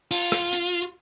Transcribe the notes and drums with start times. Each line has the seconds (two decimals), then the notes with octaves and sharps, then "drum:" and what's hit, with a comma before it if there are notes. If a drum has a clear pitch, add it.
0.11 F4, drum: open hi-hat
0.32 drum: rim click
0.53 drum: hi-hat